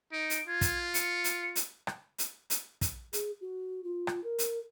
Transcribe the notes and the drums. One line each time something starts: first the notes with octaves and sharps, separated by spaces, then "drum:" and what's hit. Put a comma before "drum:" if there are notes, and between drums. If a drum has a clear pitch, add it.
D#4 D7
drum: hi-hat
F4 G#6
drum: kick, hi-hat
C#7, drum: hi-hat
drum: hi-hat
drum: hi-hat
drum: rim click
drum: hi-hat
drum: hi-hat
drum: kick, hi-hat
G#4, drum: hi-hat
F#4
F4
drum: rim click
A#4
drum: hi-hat